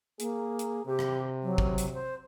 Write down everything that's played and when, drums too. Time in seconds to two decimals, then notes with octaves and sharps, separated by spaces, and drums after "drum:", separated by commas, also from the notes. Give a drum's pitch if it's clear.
0.20 A#3 G#4, drum: hi-hat
0.59 drum: hi-hat
0.86 C3 G4
0.99 drum: rim click
1.43 F#3
1.58 drum: kick
1.78 drum: hi-hat
1.94 C5